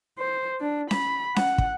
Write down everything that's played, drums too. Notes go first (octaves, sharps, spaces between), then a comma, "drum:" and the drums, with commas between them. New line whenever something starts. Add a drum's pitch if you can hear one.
C5
D4
B5, drum: snare C#4
F#5, drum: snare C#4
drum: kick